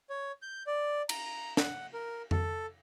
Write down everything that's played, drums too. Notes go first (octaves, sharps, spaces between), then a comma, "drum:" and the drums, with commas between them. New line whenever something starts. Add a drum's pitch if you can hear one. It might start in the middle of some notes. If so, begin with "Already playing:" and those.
C#5
G6
D5
A#5, drum: cymbal
F#5, drum: snare
A#4
A4, drum: tom F2